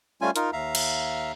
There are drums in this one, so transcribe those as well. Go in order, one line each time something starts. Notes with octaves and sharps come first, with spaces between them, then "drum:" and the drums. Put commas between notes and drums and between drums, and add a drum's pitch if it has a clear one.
G3 A3 C#4 F4 G#5
D#4 F4 A#4, drum: hi-hat
D#2 E5 F5 A#5
drum: cymbal